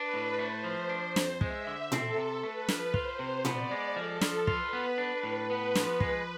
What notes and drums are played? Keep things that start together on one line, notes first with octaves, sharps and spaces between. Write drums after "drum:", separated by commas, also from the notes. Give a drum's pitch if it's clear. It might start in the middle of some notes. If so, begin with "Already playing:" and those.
Already playing: D4 B4
A2
A3 C5
F3
D4 C5
F2, drum: snare
G#3 E5, drum: kick
D3
C4 A4, drum: tom A#2
C3
A3 B4
F3, drum: snare
F4 C5, drum: kick
C3
B3 D5, drum: tom A#2
G#3
F3 A4
F3, drum: snare
F4 B4, drum: kick
B3
D4 B4
A2
B3 B4
F3, drum: snare
G#3, drum: kick